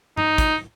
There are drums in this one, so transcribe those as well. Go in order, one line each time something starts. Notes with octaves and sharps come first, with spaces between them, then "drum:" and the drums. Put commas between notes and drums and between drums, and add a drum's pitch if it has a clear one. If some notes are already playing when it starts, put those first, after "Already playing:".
D#4, drum: tom G2
drum: kick, hi-hat